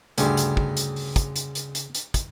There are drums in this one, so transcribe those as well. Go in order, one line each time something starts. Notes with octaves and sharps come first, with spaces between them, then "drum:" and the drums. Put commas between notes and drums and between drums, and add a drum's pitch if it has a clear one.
D2 G2 C#3 C#4 C#5, drum: hi-hat
drum: hi-hat
drum: kick
drum: hi-hat
drum: open hi-hat
drum: kick, hi-hat
drum: hi-hat
drum: hi-hat
drum: hi-hat
drum: hi-hat
drum: kick, hi-hat